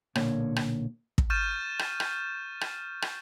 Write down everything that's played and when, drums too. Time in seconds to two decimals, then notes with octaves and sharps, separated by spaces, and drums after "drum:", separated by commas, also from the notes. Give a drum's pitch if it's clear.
0.15 B1 A#2 D3 A#3 C#5, drum: rim click
0.56 drum: rim click
1.18 drum: kick
1.30 C#6 F6 G6 A6 D#7 E7
1.79 drum: rim click
2.00 drum: rim click
2.61 drum: rim click
3.02 drum: rim click